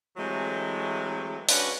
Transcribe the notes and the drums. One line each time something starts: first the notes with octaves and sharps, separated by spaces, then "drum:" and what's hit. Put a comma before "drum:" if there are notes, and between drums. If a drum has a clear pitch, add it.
C3 E3 F#3 G#3 A3
C#4 D4 F#4 B4, drum: open hi-hat